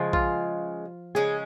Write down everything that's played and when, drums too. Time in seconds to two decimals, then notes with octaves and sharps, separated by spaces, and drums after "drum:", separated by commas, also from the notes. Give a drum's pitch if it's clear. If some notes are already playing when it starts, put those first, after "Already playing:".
Already playing: C#3 F3 G#3
0.13 F4, drum: kick A#1
1.15 C#3 G#3 C#4 G#4